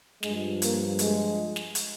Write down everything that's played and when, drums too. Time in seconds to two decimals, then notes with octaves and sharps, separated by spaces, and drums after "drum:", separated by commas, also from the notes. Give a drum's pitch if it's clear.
0.23 G2 F3 G#3, drum: snare
0.62 A#3, drum: hi-hat
0.99 G#3, drum: hi-hat
1.56 drum: snare
1.75 drum: hi-hat